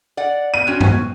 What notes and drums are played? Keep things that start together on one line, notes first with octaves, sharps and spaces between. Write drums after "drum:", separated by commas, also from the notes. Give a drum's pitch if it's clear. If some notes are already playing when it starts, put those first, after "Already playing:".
D5 F#5
D#7
C4 C#4 F#4
drum: tom